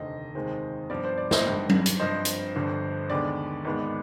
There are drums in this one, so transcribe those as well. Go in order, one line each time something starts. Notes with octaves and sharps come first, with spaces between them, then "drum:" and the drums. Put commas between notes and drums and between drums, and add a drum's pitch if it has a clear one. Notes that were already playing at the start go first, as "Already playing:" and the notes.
Already playing: F1 D#2 D3 C5 D#5
F1 D#2 D#3 G#3 C4
G2 F3 B3 D5
C5
D5
C5 D#5, drum: snare
G#1 G2 D#3 G3
drum: tom F#3
drum: hi-hat
G2 F3 C4 C5 D#5
drum: hi-hat
G1 G2 D3 F3
D#2 D3 G#3 B3 D5
G#1 G#2 D#3 G#3 B3